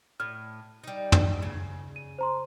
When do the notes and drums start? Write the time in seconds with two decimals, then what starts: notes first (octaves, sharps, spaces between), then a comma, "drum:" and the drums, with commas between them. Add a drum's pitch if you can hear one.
0.20 A2 F6
0.84 G3 D#4
1.12 drum: tom
1.42 C#3
1.96 D#7
2.18 C5 A#5 C6